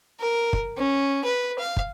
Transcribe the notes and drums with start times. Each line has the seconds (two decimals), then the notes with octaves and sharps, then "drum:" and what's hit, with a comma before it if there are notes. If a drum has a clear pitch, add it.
0.20 A#4
0.53 drum: kick
0.78 C#4
1.24 B4
1.59 F5
1.77 drum: kick